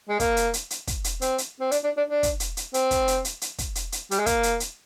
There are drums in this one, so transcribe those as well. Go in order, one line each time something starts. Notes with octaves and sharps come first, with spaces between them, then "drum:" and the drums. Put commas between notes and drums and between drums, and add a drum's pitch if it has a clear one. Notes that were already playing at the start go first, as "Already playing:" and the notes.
G#3
A#3, drum: kick, hi-hat
drum: hi-hat
drum: hi-hat
drum: hi-hat
drum: kick, hi-hat
drum: hi-hat
C4, drum: hi-hat
drum: hi-hat
C4
D4, drum: hi-hat
D4
D4
D4
drum: kick, hi-hat
drum: hi-hat
drum: hi-hat
C4, drum: hi-hat
drum: kick, hi-hat
drum: hi-hat
drum: hi-hat
drum: hi-hat
drum: kick, hi-hat
drum: hi-hat
drum: hi-hat
G3, drum: hi-hat
G#3
A#3, drum: kick, hi-hat
drum: hi-hat
drum: hi-hat